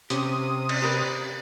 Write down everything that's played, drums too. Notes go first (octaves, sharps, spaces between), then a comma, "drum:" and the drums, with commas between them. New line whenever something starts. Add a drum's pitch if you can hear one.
C3 C#4 G4 D#6, drum: hi-hat
drum: cymbal
G4 A#4 B4